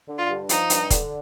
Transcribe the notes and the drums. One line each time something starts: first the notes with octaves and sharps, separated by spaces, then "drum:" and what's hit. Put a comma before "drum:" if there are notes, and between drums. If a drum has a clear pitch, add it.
D3
F4
G2
F3 D#4, drum: hi-hat
G2, drum: hi-hat
D3, drum: kick E1, hi-hat